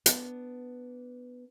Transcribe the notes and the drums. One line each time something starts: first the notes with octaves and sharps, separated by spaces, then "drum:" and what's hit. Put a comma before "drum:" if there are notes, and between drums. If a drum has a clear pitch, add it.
B3 D4, drum: hi-hat